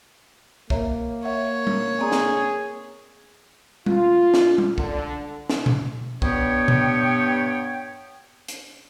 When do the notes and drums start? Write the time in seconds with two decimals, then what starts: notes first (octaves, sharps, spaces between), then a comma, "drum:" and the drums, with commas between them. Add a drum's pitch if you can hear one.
0.70 A#3 C#5 E5 A#5, drum: kick C2
1.25 C#5 E5 F#5
1.67 drum: tom G3
2.01 C4 G#4 D5 A#5
2.12 drum: snare
3.86 F4, drum: tom G3
4.34 drum: snare
4.58 drum: tom G3
4.78 D3, drum: kick C2
5.50 drum: snare
5.66 drum: tom A#2
6.22 G2 B3 C#5 G5, drum: kick C2
6.68 drum: tom A#2
8.48 drum: hi-hat